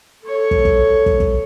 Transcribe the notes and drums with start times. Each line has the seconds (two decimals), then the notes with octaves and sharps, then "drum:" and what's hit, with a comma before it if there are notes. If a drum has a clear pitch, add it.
0.24 A4 C#5
0.51 drum: kick
0.65 drum: kick
1.06 drum: kick
1.20 drum: kick